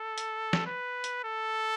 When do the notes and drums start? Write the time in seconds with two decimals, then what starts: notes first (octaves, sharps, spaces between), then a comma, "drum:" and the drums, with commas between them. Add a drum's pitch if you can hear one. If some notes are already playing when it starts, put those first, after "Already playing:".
Already playing: A4
0.18 drum: hi-hat
0.53 drum: snare
0.67 B4
1.04 drum: hi-hat
1.24 A4